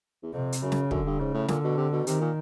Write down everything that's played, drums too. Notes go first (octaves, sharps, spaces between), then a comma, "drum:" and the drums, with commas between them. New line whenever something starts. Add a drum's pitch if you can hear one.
E2
F2 C3
drum: hi-hat
F#2 C#3
drum: snare
F#2 D3, drum: kick
G2
G#2 C#3
A2
A#2 D3, drum: snare
B2
C3
B2
C3 D#3, drum: hi-hat
A#2